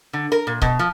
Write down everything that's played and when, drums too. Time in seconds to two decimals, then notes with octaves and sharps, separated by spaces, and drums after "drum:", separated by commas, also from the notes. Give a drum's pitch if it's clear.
0.13 D3
0.32 A#4
0.47 A#2
0.62 B2, drum: kick C#1
0.79 F3